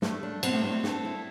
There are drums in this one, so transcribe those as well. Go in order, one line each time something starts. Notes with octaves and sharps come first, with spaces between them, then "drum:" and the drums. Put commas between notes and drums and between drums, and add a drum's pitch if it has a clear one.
G2 A3, drum: snare
D4
B2 C4, drum: cymbal
A2
G2 C4
A2
G2 A4, drum: snare
E4